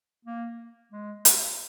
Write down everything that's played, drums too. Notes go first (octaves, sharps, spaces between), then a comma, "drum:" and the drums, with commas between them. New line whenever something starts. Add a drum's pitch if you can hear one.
A#3
G#3
drum: hi-hat